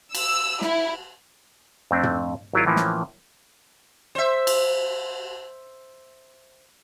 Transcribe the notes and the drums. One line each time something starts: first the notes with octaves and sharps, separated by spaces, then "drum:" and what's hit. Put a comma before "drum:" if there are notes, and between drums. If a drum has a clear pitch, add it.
E6, drum: cymbal
E4, drum: snare
F2 A3 C4 D4
drum: tom
G#1 F#3 E4 F4
A2 E3 F3 A#3 C#4
drum: snare
C5 E5
drum: cymbal